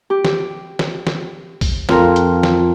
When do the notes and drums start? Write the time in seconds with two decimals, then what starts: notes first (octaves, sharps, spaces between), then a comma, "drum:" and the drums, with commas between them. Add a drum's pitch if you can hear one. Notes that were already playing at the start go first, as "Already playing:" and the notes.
0.10 G4
0.25 drum: snare
0.79 drum: snare
1.07 drum: snare
1.61 drum: kick A#1, open hi-hat
1.89 F2 F4 A#4, drum: snare
2.16 drum: hi-hat
2.43 drum: snare